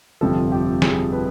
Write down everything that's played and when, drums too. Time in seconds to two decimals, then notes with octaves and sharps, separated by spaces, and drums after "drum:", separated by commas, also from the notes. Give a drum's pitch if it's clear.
0.21 G1 F2 C3 F3 A4
0.52 G4
0.82 G#4, drum: snare
1.12 B4